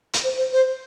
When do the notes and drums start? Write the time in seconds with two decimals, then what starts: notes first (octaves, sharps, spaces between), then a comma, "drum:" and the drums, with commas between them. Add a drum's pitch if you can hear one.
0.14 drum: hi-hat
0.23 C5
0.37 C5
0.52 C5